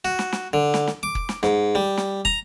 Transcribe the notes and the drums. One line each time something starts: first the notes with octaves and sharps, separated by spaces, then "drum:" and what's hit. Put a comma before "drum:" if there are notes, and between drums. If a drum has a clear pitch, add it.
F#4
drum: snare
drum: snare
D3
drum: snare
drum: snare
D6
drum: kick
drum: snare
G#2, drum: snare
G3
drum: snare
A#5, drum: kick